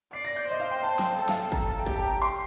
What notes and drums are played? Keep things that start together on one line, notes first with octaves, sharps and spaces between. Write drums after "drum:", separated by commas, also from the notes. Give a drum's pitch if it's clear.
D5 C7
A#6
G6
C5 D#5
F5
G5
A5
G5, drum: snare
A4 A5
F5, drum: snare
G5
A#5, drum: kick
G5
G4, drum: kick
A5
A#5
C6